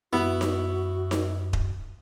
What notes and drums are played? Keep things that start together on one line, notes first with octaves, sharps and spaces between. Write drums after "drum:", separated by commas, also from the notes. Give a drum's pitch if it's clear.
F#2 B3 E4 F#4
drum: snare D#4
drum: snare D#4
drum: kick D#1